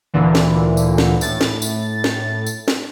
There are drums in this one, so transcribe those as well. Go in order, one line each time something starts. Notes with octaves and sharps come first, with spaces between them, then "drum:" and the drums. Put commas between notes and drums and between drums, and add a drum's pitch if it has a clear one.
D2 A#2 D3 E3
drum: snare
drum: tambourine
drum: snare
A2 A6, drum: tambourine
drum: snare
drum: tambourine
drum: snare
drum: tambourine
drum: snare